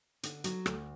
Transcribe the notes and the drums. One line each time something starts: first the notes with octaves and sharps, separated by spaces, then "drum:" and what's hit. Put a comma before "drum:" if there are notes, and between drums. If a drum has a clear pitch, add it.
D3, drum: hi-hat
F#3, drum: hi-hat
D2, drum: rim click